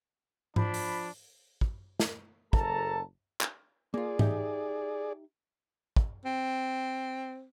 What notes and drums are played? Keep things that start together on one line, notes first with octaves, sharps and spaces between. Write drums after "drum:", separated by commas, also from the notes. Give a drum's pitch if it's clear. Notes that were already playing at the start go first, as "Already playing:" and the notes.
F3 D4 B5, drum: tom G#2
drum: open hi-hat
drum: kick
drum: snare
F#1 A4 A5 A#5, drum: kick
drum: clap
A#3 F4 G#4 D5
D#4 G4 E5, drum: tom G#2
drum: kick
C4